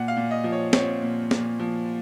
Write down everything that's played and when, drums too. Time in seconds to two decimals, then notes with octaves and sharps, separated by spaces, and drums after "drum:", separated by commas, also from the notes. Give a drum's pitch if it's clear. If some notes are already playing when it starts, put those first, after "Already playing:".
Already playing: A#2 F#5
0.08 F5
0.17 A#2
0.31 D#5
0.44 F3
0.52 C#5
0.73 C4 C#5, drum: snare
1.02 A#2
1.31 A#2, drum: snare
1.59 F3